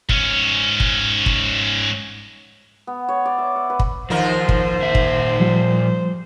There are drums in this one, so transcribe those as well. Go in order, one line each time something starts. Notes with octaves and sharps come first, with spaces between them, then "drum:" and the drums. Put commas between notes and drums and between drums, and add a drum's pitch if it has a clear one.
G#2 C#4, drum: kick
drum: kick
drum: kick
B3
C#5
D5
E5
F#5
B4
drum: kick
D#2 F3 D#4 A#4 C5
drum: kick
A#2 E5
drum: kick
F3 G3